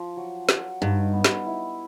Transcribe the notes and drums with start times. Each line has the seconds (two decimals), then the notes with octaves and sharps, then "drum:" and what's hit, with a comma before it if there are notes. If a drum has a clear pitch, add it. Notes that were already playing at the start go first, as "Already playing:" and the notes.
Already playing: F3
0.17 F#3
0.49 F#3, drum: snare
0.81 G2 D#4
1.13 B3
1.24 drum: snare
1.46 E4